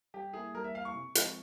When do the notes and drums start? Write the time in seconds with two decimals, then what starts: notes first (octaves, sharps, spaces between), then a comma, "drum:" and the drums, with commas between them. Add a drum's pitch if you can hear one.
0.14 G3 G4
0.33 A#3 E4 G#4
0.55 G3 A#4
0.64 E5
0.74 A#3 E4 F5
0.85 C#6
0.95 C3
1.15 F3 G#3 C4, drum: hi-hat